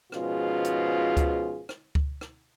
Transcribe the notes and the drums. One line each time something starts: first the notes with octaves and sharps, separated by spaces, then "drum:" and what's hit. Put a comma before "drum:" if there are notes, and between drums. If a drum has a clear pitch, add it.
G#2 B2 F3 C#4 F4 G#4, drum: rim click
drum: hi-hat
drum: kick C#2, hi-hat
drum: rim click
drum: kick C#2
drum: rim click